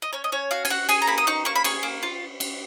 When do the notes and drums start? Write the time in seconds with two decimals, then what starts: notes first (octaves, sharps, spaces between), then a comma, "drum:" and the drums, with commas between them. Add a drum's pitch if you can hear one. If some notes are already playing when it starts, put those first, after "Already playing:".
0.02 D#5
0.13 C#4 C#5
0.24 D#5
0.32 C#4 C#5
0.51 F#4 F5
0.65 G#5, drum: cymbal
0.70 F#4 F#5
0.89 G#4 G#5, drum: cymbal
1.02 A#5
1.07 A#3 B5
1.18 D#6
1.27 D#4 C#6
1.45 A#3 C#6
1.56 B5
1.64 G#4 C#6, drum: cymbal
1.83 A#3
2.03 F4
2.40 drum: cymbal